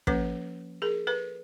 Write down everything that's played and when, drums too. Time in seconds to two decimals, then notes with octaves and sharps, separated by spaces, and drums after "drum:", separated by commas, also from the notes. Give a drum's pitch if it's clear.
0.07 F3 A#3 C#4 A4 B4, drum: kick
0.82 G#4 A#4
1.07 A4 B4